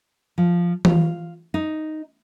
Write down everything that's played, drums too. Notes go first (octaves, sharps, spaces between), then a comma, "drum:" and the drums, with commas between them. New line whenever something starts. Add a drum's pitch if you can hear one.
F3
F4, drum: tom E3
D#4